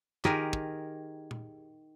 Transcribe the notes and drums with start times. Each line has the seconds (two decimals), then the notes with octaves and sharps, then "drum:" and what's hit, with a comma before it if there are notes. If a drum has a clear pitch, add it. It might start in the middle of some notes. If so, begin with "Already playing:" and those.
0.25 D#3 G4 G#4 A#4, drum: clap
0.53 drum: kick
1.31 drum: tom A#2